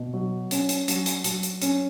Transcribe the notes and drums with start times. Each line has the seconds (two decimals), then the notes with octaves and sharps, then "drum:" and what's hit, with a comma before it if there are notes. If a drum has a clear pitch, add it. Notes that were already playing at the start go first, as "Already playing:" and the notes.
Already playing: B2
0.13 F#3
0.51 C#4, drum: hi-hat
0.69 drum: hi-hat
0.88 F#3, drum: hi-hat
1.06 drum: hi-hat
1.24 F#3, drum: hi-hat
1.43 drum: hi-hat
1.62 C#4, drum: hi-hat